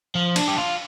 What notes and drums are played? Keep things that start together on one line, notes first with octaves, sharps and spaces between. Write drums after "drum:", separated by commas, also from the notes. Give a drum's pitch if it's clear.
F3
D4, drum: cymbal
G4
F4